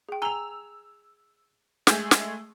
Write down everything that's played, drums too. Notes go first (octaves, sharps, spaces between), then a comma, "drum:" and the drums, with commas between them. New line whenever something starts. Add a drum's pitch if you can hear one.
G#4 G5
G#5 A#5 E6 F7 G7
G#3 A3 G#4 G6, drum: snare
drum: snare